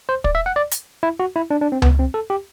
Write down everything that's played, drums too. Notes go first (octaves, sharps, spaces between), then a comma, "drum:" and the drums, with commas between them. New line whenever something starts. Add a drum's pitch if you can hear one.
C5
D5, drum: kick
E5
F#5
D5
drum: hi-hat
E4
F#4
E4
D4
D4
C4
B3, drum: tom C#2
C4
A4
G4